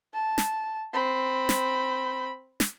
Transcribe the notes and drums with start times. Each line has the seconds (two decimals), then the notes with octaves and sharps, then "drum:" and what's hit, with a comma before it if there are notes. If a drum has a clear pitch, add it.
0.14 A5
0.38 drum: snare
0.93 C4 B5
1.49 drum: snare
2.60 drum: snare